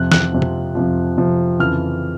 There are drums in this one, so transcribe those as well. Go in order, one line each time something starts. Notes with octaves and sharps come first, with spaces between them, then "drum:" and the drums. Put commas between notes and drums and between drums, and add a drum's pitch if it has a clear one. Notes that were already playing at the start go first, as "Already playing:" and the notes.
Already playing: F2 C3 F3 F#6
F#6, drum: snare
F2 C3 F3
drum: tom
F2 C3 F3
F2 C3 F3
F2 C#3 E3 F6